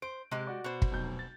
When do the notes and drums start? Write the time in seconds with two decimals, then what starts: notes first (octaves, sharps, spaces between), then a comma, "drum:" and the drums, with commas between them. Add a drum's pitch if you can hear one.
0.02 C5 D7
0.31 C3 G#3 G4
0.47 F#4 D5
0.64 B2 C5
0.82 drum: kick
0.91 F1 B1 G6
1.19 A6